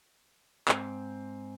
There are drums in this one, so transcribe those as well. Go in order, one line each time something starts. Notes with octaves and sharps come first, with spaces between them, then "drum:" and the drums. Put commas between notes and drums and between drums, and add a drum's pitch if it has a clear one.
G#2 C4, drum: clap